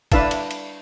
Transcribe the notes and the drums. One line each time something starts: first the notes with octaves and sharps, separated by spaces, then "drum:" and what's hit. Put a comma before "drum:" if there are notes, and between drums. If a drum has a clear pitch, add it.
D4 E4 B4 E5 F5 A5, drum: kick, cymbal
drum: cymbal
drum: cymbal